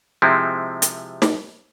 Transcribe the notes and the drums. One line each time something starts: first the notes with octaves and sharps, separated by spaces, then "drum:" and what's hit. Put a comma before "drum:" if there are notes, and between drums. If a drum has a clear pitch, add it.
C3 F3 G#3 C4 E4
drum: hi-hat
drum: snare